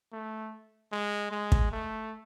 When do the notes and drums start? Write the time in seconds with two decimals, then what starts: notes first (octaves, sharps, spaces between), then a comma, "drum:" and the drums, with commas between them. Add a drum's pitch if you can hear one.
0.13 A3
0.92 G#3
1.31 G#3
1.52 drum: kick
1.72 A3